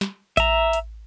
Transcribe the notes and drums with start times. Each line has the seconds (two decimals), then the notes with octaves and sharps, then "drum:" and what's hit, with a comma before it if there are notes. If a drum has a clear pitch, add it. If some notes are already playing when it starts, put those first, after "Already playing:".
0.01 drum: snare
0.37 E5 A#5, drum: kick A1, hi-hat
0.73 drum: hi-hat